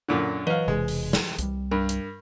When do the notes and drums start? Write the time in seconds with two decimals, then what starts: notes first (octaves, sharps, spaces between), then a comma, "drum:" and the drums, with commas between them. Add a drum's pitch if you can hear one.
0.08 F#2 A#2 D3
0.47 E3 F#3 B4 D#5 F5
0.68 E1 C3 G#3
0.88 drum: open hi-hat
1.13 drum: snare
1.39 C2 G3, drum: hi-hat
1.71 G2 A#4
1.89 drum: hi-hat